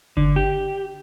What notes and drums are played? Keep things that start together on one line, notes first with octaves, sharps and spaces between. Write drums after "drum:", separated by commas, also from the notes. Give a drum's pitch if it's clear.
D3, drum: kick G1
G4